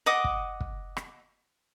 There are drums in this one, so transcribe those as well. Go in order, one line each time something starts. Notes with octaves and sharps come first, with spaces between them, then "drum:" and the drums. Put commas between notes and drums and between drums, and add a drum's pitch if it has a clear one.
D#5 F#5 D6 D#6
drum: kick
drum: kick
drum: rim click